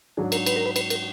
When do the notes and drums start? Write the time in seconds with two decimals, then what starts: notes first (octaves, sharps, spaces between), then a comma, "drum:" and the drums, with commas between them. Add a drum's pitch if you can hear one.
0.17 G#2 F#3 D4 G#4
0.32 A#4, drum: cymbal
0.46 B4, drum: cymbal
0.56 A#4
0.66 B4
0.76 B4, drum: cymbal
0.90 A#4, drum: cymbal